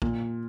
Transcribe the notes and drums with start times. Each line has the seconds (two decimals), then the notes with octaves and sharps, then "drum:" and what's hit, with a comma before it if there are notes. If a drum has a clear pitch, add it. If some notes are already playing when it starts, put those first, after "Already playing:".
0.02 A#2, drum: kick